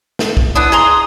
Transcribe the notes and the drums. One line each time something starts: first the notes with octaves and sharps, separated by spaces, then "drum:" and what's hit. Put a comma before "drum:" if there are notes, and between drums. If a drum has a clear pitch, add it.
drum: snare
drum: kick
B3 D4 E4 D#6
G#4 A#5 C6